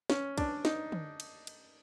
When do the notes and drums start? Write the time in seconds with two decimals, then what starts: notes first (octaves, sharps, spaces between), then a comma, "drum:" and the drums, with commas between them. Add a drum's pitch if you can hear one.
0.10 C#4, drum: snare
0.38 D4, drum: kick, cymbal
0.65 D#4, drum: snare
0.92 drum: tom
1.20 drum: cymbal
1.47 drum: cymbal